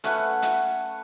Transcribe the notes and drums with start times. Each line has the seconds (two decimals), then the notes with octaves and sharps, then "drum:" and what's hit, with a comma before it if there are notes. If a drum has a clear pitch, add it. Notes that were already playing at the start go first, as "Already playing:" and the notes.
0.04 A3 C#4 B4 F#5, drum: hi-hat
0.42 drum: hi-hat